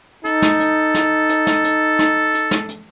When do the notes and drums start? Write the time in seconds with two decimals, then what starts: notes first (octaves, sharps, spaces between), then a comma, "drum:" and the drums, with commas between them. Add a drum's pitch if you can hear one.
0.25 D#4 A4, drum: hi-hat
0.42 drum: snare
0.60 drum: hi-hat
0.94 drum: snare
1.29 drum: hi-hat
1.47 drum: snare
1.64 drum: hi-hat
1.99 drum: snare
2.34 drum: hi-hat
2.51 drum: snare
2.69 drum: hi-hat